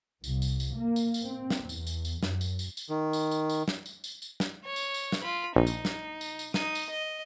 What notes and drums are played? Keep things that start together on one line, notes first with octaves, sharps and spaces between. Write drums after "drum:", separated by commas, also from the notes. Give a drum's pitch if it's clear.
C2, drum: tambourine
drum: tambourine
drum: tambourine
A#3
drum: tambourine
drum: tambourine
C4
drum: snare
E2, drum: tambourine
drum: tambourine
drum: tambourine
F#2, drum: snare
drum: tambourine
drum: tambourine
drum: tambourine
D#3
drum: tambourine
drum: tambourine
drum: tambourine
drum: snare
drum: tambourine
drum: tambourine
drum: tambourine
drum: snare
C#5
drum: tambourine
drum: tambourine
drum: snare
F4 B5
A#1 D#4
drum: tambourine
drum: snare
drum: tambourine
drum: tambourine
D#4 D#6, drum: snare
drum: tambourine
D#5